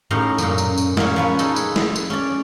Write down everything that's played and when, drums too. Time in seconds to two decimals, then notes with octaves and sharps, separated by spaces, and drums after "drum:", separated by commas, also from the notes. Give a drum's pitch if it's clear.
0.11 A2 C#4 D#4 G4 A#4 C6
0.38 F#2 A#2, drum: tambourine
0.58 drum: tambourine
0.78 drum: tambourine
0.97 A#2 A#3 C#4, drum: snare G#3
1.16 F3 B4 C#5
1.39 D#4 G#4 A4 B4, drum: tambourine
1.56 drum: tambourine
1.76 drum: snare G#3
1.96 drum: tambourine
2.10 C#4 D5